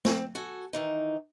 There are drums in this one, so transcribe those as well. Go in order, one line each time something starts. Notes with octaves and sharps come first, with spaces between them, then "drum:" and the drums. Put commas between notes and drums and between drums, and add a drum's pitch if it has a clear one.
C4, drum: snare
F#4 A4 G#5
D#3 E3 D#4